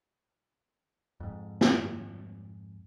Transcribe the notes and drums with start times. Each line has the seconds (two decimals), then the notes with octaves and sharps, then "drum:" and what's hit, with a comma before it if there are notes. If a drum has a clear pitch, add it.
1.20 F2 G#2
1.61 drum: snare